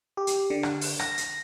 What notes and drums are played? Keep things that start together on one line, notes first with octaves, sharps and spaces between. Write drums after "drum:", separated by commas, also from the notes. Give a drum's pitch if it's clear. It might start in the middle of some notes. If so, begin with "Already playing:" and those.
G4
drum: hi-hat
D3
drum: rim click
drum: open hi-hat
A#6, drum: rim click
drum: hi-hat